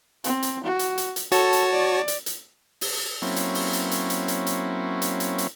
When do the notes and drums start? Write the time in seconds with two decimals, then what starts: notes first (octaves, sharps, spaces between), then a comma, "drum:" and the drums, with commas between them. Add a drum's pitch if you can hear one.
0.24 C4, drum: hi-hat
0.43 drum: hi-hat
0.64 F#4
0.79 drum: hi-hat
0.98 drum: hi-hat
1.16 drum: hi-hat
1.32 F#4 A4 C#5 A5, drum: hi-hat
1.53 drum: hi-hat
1.73 D5
2.08 drum: hi-hat
2.26 drum: hi-hat
2.81 drum: open hi-hat
3.22 F#3 A#3 C4 C#4 E4
3.36 drum: hi-hat
3.55 drum: open hi-hat
3.73 drum: hi-hat
3.91 drum: hi-hat
4.10 drum: hi-hat
4.28 drum: hi-hat
4.46 drum: hi-hat
5.02 drum: hi-hat
5.20 drum: hi-hat
5.38 drum: hi-hat